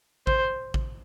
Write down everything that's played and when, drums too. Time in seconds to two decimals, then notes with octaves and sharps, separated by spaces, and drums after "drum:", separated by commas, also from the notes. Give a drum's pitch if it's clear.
0.27 C5, drum: kick A1
0.74 drum: kick A1